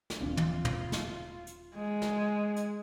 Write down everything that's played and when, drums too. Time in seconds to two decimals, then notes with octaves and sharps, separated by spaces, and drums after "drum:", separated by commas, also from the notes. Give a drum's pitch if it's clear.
0.10 drum: snare
0.21 D#1 C4 D4 F4
0.37 drum: tom
0.65 drum: tom
0.92 drum: snare
1.47 drum: hi-hat
1.74 G#3
2.02 drum: snare
2.56 drum: hi-hat